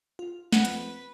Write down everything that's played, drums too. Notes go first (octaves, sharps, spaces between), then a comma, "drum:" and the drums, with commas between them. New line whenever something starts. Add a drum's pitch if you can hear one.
F4
F2 B4 F#5, drum: snare
drum: hi-hat